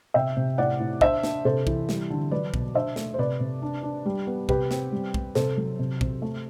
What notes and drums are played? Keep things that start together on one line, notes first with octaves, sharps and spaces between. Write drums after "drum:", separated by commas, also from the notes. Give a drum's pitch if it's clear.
C3 E5 G5
C3
A2 D5 F#5
A2
D4 C5 E5, drum: kick
D4, drum: snare
C3 A4 C5
E3, drum: kick
G3, drum: snare
D3
F#3 B4 D5
B2, drum: kick
D4 C5 E5
A3, drum: snare
C5
C3 B4 D5
C3
D4
D4
G3
B3
C3 G4 B4, drum: kick
C4, drum: snare
G3
G3, drum: kick
C3 A4 C5, drum: snare
F#3
C3
C3, drum: kick
A3